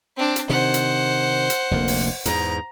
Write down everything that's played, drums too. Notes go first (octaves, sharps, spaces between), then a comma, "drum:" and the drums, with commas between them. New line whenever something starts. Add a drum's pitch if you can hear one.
C4 D4
drum: hi-hat
C3 D#3 C5 F#5
drum: hi-hat
drum: hi-hat
F1 D2 A#3
drum: open hi-hat
E2 G#2 A#5, drum: hi-hat